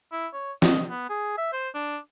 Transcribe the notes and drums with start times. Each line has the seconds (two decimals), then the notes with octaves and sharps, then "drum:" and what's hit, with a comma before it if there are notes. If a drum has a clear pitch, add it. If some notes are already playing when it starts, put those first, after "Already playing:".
0.12 E4
0.34 C#5
0.62 D#5, drum: snare
0.90 B3
1.10 G#4
1.38 E5
1.53 C5
1.75 D4